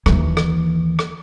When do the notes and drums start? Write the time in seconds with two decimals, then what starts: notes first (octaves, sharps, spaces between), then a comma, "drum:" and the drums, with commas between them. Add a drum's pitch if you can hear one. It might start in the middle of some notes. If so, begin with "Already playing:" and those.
0.06 D#2 E3, drum: rim click
0.37 drum: rim click
0.99 drum: rim click